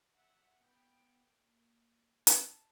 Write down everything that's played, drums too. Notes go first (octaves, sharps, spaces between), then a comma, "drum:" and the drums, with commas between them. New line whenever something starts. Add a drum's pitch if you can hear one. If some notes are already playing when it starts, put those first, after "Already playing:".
E5 F#5
B3 G5
A#3
A5, drum: hi-hat